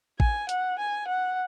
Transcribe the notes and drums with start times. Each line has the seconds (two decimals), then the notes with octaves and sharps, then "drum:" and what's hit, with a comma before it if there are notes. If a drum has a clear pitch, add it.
0.20 G#5, drum: kick A1
0.49 F#5, drum: hi-hat
0.79 G#5
1.08 F#5